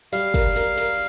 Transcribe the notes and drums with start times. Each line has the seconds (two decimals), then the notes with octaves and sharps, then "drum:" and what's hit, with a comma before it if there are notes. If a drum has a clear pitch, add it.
0.13 G3 F5, drum: cymbal
0.34 A#4, drum: kick, cymbal
0.56 A#4, drum: cymbal
0.78 A#4, drum: cymbal